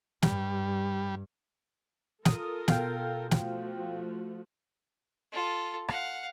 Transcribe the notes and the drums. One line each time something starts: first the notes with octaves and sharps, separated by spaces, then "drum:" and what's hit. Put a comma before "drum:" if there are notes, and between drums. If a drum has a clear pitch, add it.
G2 G3, drum: snare
F4 A4 A#4 D#6, drum: snare
B2 F5 G5, drum: snare
F3 A3 F#4, drum: snare
F4 A4
F5 F#5, drum: rim click